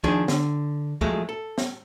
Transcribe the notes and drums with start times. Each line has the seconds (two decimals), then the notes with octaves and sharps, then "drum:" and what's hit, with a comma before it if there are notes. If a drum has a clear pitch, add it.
0.04 D#3 F3 D4 G#4, drum: kick C#2
0.28 D3, drum: snare
1.01 F3 F#3 G#3 A3, drum: kick C#2
1.29 A4
1.58 drum: snare